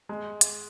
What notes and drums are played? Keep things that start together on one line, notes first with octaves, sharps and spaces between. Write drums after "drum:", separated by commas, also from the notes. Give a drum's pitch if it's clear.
G#3
drum: hi-hat